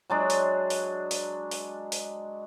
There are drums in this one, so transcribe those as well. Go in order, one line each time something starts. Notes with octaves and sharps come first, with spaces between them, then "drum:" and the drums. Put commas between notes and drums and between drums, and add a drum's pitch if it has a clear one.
F#3 G#3 D4
drum: open hi-hat
drum: open hi-hat
drum: open hi-hat
drum: open hi-hat
drum: open hi-hat